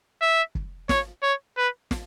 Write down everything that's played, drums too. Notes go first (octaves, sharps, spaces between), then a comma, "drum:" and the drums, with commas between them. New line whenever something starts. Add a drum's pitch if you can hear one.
E5
drum: kick
C#5, drum: snare
C#5
B4
drum: snare